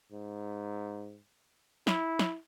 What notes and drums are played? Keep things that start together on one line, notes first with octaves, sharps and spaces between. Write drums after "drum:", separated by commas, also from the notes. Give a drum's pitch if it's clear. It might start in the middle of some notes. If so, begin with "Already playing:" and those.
G#2
E4, drum: snare
drum: snare